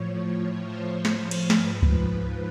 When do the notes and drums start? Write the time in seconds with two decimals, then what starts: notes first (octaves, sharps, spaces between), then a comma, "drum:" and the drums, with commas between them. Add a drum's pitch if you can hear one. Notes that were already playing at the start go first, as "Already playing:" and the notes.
Already playing: A2 F3 C#5
0.61 C5
1.05 C5, drum: snare
1.31 drum: cymbal
1.50 G#2 F3 B4, drum: snare
1.82 drum: kick C#2
1.95 B4